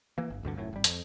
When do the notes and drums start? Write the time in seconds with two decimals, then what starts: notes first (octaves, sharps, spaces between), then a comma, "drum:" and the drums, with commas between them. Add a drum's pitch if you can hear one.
0.18 E3 A#3
0.30 G1
0.43 D1 D2 G2 D3
0.56 F1 F#2 A2
0.73 G#1 G3
0.84 F2, drum: hi-hat